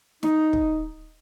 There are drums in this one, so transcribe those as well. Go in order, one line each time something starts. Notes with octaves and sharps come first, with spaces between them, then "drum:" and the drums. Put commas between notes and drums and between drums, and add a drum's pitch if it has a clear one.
D#4, drum: snare
drum: kick